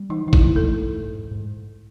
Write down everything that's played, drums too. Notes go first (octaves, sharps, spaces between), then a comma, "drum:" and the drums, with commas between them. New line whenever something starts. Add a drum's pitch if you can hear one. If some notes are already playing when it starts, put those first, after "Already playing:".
Already playing: G3
E3 D#4
E3 D#4
E4, drum: kick
A3
A4
A3
A3
G#2
G#2
G#2